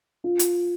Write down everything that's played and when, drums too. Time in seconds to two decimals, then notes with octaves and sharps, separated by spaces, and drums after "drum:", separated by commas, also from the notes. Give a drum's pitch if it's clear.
0.24 F4
0.39 drum: hi-hat